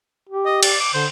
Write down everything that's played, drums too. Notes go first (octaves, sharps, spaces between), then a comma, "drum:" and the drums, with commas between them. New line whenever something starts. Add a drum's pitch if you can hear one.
G4
D#5
D5, drum: cymbal
D6
D3 C5